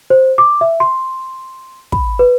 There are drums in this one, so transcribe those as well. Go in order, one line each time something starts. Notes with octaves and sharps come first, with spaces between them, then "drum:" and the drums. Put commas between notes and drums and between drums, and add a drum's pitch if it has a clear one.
C5
D6
E5
C6
B5, drum: kick
B4